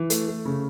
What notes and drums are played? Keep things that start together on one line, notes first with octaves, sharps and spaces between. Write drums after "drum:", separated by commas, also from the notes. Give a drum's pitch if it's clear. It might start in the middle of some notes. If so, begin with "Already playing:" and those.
Already playing: E3
A3, drum: hi-hat
A3
C#3